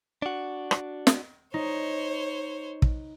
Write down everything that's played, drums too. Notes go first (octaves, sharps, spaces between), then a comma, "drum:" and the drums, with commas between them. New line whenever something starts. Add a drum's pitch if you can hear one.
D4 F#4
drum: rim click
drum: snare
D#4 C5 C#5
drum: kick